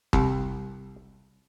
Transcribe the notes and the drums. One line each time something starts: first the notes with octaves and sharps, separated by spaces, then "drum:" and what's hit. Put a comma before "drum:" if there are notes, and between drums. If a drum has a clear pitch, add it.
C2, drum: kick